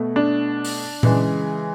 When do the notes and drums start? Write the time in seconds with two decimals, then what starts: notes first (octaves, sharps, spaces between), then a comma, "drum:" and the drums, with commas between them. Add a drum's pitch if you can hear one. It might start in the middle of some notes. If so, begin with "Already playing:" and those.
Already playing: B2 A3
0.16 D4
0.65 drum: open hi-hat
1.03 C#3 E3 G#3, drum: tom A#2